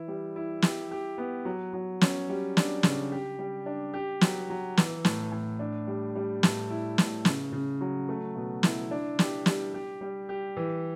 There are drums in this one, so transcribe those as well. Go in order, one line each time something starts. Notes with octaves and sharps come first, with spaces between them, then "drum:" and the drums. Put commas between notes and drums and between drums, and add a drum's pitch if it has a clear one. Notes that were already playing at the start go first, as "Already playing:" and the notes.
Already playing: E3 E4
G3
E4
G4, drum: snare
G4
B3
F#3
F#3
C#4, drum: snare
G3
D4, drum: snare
C#3, drum: snare
G4
G3
D4
G4
F#3, drum: snare
F#3
E3, drum: snare
A2, drum: snare
A2
D4
G3
G3
A2, drum: snare
E4
A2, drum: snare
C#3, drum: snare
C#3
F#3
A3
B2
E4, drum: snare
D4
G4, drum: snare
G3, drum: snare
G4
G3
G4
E3